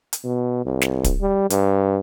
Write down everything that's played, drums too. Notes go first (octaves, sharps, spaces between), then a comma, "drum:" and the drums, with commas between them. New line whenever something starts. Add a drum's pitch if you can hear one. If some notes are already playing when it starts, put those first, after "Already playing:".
drum: hi-hat
B2
C2
drum: snare
drum: kick, hi-hat
G3
G2, drum: hi-hat